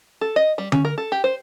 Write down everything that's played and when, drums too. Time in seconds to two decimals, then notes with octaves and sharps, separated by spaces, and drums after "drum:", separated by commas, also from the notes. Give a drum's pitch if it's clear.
0.21 A4
0.36 D#5
0.58 G3
0.72 C#4, drum: tom D3
0.85 A#4
0.98 A4
1.12 G4
1.24 C5